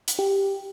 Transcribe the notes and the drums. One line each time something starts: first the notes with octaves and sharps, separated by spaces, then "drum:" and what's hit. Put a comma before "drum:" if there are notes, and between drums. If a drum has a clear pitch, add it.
drum: hi-hat
G4